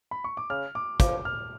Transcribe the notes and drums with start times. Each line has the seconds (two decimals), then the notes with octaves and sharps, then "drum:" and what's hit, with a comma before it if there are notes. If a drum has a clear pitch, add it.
0.11 B5
0.24 C#6
0.37 D6
0.50 C#3 F6
0.75 D6
1.00 F3 D6, drum: kick, hi-hat
1.25 F6